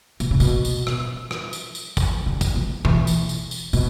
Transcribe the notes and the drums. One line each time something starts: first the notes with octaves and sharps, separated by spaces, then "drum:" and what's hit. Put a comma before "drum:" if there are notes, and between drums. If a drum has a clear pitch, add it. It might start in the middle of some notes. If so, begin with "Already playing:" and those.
B2, drum: tambourine
C#3
B2, drum: tambourine
drum: tambourine
drum: rim click
drum: rim click
drum: tambourine
drum: tambourine
drum: kick, tambourine
D3
drum: kick, tambourine
B2
E3, drum: tom B2
drum: tambourine
drum: tambourine
drum: tambourine
B2, drum: tambourine